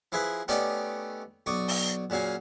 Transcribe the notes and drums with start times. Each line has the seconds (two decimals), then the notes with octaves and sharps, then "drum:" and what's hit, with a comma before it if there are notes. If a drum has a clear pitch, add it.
0.12 F3 E4 G#4 B4 E5
0.48 A3 B3 C#4 D#4 G4 D5, drum: hi-hat
1.46 B1 D5 C#6 D#6
1.68 drum: open hi-hat
2.10 A#2 C#3 F#3 F5 G#5